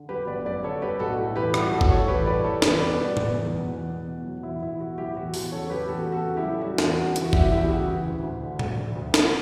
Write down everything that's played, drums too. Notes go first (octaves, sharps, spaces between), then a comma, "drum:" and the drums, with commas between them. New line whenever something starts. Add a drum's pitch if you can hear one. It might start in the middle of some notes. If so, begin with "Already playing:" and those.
Already playing: D3
F#3 G4 B4
G1 B4 D5
F#2 B4 D5
D3 A4 C#5
G3 G4 B4
B1 F#4 A4
A2
E3 G4 B4
G3 F#4, drum: rim click
B1 F#4 A4
drum: kick G1
A2 A4 C#5
E3 G4 B4
G3 B4 D5
F#1 A4 C#5
E2 G4 B4, drum: snare
B2 B4 D5
G3
F#1, drum: tom A2
E2
B2
E2
E2
B2
F#3
E2 E4
E2 E4
B2 F#4
F#3 E4 G4
E2 F#4
E2 F#4, drum: open hi-hat
C#3 A4 C#5
F#3 G4 B4
E2 F#4 A4
E2
F#4 A4
C#3
E4 G4
F#3
G3 F#4
E2, drum: snare
F#4
C#3
F#4
E3, drum: hi-hat
F#4
G3 E4 G4, drum: kick G1
E2 E4 G4
C#3 F#4
E3
D2
D2
D3
G3, drum: tom
D2
D2
D3, drum: snare